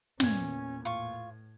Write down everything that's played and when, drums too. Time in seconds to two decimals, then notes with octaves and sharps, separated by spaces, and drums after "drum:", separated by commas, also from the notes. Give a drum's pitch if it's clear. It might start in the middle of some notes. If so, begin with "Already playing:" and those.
0.20 E2 A#2 C#4 G#6, drum: snare
0.85 A2 F4 C#6